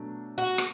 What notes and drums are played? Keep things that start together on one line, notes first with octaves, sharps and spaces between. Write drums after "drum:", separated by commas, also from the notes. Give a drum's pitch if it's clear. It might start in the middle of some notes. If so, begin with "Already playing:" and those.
Already playing: B2 F#3 A3 D4
F#4
drum: rim click